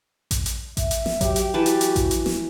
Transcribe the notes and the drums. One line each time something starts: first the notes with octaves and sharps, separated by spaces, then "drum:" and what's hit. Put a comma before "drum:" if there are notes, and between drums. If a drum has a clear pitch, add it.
drum: kick A1, hi-hat
drum: hi-hat
E5, drum: kick A1, hi-hat
drum: hi-hat
drum: snare
F#3 G4, drum: kick A1, hi-hat
drum: hi-hat
E3 F#4 B4 A5
drum: hi-hat
drum: hi-hat
drum: kick A1, hi-hat
drum: hi-hat
drum: snare